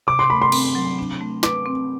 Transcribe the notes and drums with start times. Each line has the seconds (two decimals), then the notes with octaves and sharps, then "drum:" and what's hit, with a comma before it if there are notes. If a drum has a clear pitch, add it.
0.07 C3 D6
0.19 C6
0.30 A3 B5
0.42 C6
0.52 C4, drum: cymbal
0.75 F#3
0.99 D4
1.21 A3
1.43 B4 D6, drum: snare
1.66 C4